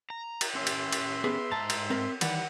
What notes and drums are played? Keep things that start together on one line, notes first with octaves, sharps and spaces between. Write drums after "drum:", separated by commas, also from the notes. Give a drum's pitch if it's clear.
A#5
drum: cymbal
C#4 G4 C#5 E5 C6
drum: cymbal
drum: cymbal
B3 G#4 B4
G#2 A5 A#5
drum: cymbal
C4 A#4
D#3 E3 G3 F#5, drum: cymbal